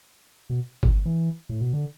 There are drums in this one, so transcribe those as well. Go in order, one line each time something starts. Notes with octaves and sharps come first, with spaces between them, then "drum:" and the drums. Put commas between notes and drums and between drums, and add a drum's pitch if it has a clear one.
B2
B2, drum: kick G1
E3
A2
B2
D3